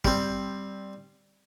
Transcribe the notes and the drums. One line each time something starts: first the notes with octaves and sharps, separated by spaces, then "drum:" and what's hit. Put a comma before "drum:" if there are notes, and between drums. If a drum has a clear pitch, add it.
G3 C4, drum: kick